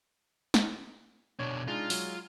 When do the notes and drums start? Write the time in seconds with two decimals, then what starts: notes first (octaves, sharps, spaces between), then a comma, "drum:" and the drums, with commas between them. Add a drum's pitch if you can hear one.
0.54 drum: snare
1.39 B2 D4 C#5 C#6 G#6
1.68 G#3 D4 D#4 F4
1.90 F#3 G#3, drum: open hi-hat